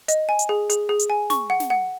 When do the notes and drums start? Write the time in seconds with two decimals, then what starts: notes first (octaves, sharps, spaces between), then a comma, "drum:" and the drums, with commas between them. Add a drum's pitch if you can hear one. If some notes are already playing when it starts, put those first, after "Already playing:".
0.08 D#5, drum: hi-hat
0.29 G#5
0.39 drum: hi-hat
0.49 G#4
0.70 G#4, drum: hi-hat
0.89 G#4
0.99 drum: hi-hat
1.10 G#5
1.30 C#6, drum: snare
1.50 F#5
1.60 drum: snare
1.70 F#5